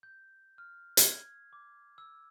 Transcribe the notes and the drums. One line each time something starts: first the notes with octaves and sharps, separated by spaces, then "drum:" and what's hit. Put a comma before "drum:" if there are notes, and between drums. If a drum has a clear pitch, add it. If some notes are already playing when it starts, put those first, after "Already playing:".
G6
F6
G#6, drum: hi-hat
D6
E6